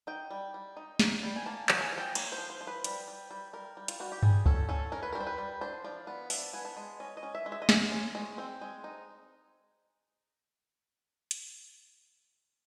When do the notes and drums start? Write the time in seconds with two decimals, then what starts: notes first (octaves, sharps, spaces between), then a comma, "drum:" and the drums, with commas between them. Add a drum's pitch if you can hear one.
0.07 D#4 G5
0.31 G3
0.54 G3
0.77 D#4
0.99 D#4, drum: snare
1.23 G3
1.36 G#5
1.46 A#3 A5
1.69 A#3, drum: clap
1.81 G#5
1.92 F3
1.98 G5
2.15 A#3 C#5, drum: cymbal
2.32 C5
2.38 F3
2.50 C5
2.61 F3
2.67 B4
2.84 G3, drum: hi-hat
3.08 G3
3.31 G3
3.53 G3 A#4
3.77 G3
3.88 F4, drum: hi-hat
4.00 G3 F#4
4.12 G4
4.23 G3 G#4, drum: tom G2
4.46 C#4 A4, drum: kick C#2
4.69 C#4 A4
4.92 C#4 A#4
5.03 B4
5.12 A#4
5.15 G3
5.20 C5
5.27 B4
5.38 G3
5.61 D4 C5
5.84 F3 D5
6.07 B3
6.30 D4 E5, drum: open hi-hat
6.53 B3 G#5
6.65 A5
6.77 G#3
7.00 C#4 D#5
7.17 D#5
7.23 C#4
7.35 E5
7.46 G#3
7.52 E5
7.62 D#5
7.69 G#3 E5, drum: snare
7.92 C#4
8.15 G#3
8.38 C4
8.61 G#3
8.84 D#4
11.31 drum: hi-hat